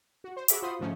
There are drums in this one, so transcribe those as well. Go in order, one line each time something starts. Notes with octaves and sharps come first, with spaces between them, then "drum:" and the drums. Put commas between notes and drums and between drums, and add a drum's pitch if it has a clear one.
F#4
C5
F#4 G#4 E5 B5 D6, drum: hi-hat
F4 F#4 C5 B5 C6 D#6
G#2 D3 F3 A3 C#4 D#4